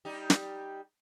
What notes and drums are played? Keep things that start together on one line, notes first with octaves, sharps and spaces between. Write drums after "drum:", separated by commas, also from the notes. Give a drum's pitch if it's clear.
G3 D#4 G4
drum: snare